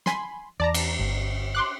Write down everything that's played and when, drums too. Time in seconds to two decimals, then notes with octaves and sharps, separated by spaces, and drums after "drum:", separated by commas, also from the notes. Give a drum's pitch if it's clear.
0.06 G#5 B5 C6, drum: snare
0.60 E2 D5 A5 A#5
0.74 drum: cymbal
0.99 G1
1.55 C6 D6 F#6